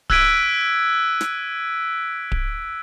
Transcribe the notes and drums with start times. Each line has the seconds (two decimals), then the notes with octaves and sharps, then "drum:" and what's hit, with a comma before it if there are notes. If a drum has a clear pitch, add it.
0.10 E6 F#6 G#6 B6 D7 D#7, drum: kick D1
1.21 drum: snare
2.32 drum: kick D1